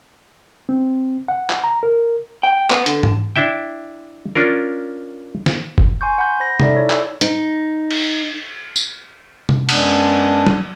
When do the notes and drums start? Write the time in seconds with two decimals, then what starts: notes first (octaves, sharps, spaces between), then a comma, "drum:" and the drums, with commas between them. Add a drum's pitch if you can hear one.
0.69 C4
1.28 F#5
1.50 drum: clap
1.64 A#5
1.83 A#4
2.43 G5
2.70 B3, drum: clap
2.86 D3, drum: hi-hat
3.03 drum: tom
3.36 D4 E4 E5 G5
4.35 C#4 D4 F4 A#4
5.46 drum: snare
5.78 drum: kick F1
6.01 G#5 C6 C#6 G6
6.18 F#5 B5 G6
6.40 C5 B5 A#6
6.60 D#4 G#4 A4 D5 E5, drum: tom C3
6.75 E4 C#5 D5
6.90 E6, drum: clap
7.21 D#4, drum: hi-hat
7.91 drum: cymbal
8.76 drum: tambourine
9.49 drum: tom C3
9.69 F#2 G#3 B3 D4 F#5 A5, drum: cymbal
10.47 drum: tom F#3